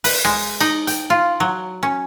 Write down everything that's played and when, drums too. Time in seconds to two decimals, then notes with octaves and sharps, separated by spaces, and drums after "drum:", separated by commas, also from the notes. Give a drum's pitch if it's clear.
0.04 B4, drum: open hi-hat
0.25 G#3, drum: rim click
0.60 D#4, drum: cymbal
0.87 G5, drum: hi-hat
1.10 F4
1.40 F#3
1.83 C#4